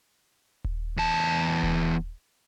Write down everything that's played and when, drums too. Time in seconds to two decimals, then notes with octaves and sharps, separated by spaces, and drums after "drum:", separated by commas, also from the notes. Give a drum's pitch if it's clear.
0.64 drum: kick D#1
0.97 E2 A5
1.63 drum: kick D#1